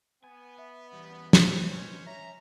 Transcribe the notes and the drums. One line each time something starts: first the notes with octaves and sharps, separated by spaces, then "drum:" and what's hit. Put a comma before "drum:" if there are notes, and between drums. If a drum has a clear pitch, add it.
B3 G#5
E5
E2 G3
C5, drum: snare
B2 C#4 C5 C#5
C#4 E5 A#5